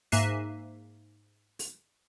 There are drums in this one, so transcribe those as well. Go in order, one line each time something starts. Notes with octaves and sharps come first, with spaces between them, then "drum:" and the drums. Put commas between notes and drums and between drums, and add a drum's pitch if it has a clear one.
G#2 A#3 E5 F#6 C7 D#7, drum: open hi-hat
drum: open hi-hat